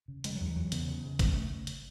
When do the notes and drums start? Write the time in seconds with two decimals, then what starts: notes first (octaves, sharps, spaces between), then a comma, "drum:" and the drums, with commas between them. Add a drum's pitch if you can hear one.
0.08 C#3
0.24 C#3 G#3, drum: hi-hat
0.35 E2 F#3
0.46 E3
0.55 E2 F#3
0.72 C#3 B3, drum: hi-hat
0.87 C#3
1.04 C#3
1.19 C#3 B3, drum: kick, hi-hat
1.35 A3
1.67 drum: hi-hat